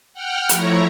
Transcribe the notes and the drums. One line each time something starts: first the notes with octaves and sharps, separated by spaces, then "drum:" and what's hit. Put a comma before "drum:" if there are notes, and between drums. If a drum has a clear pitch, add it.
F#5 G5 F6
F3 A3 E4 C#5 A#5, drum: hi-hat